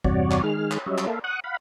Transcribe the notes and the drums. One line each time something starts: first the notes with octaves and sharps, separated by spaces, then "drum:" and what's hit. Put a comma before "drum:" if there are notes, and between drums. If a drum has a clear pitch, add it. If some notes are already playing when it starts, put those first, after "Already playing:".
E2 G2 C3 F#4 C#5 D5, drum: kick
drum: clap
D#3 G#3 G#4 F6
drum: clap
F#3 G3 C#4 C#5 D#5 E5
drum: clap
A#3 A4 E5 F5
F#5 C#6 D#6 F#6
F5 F#5 B5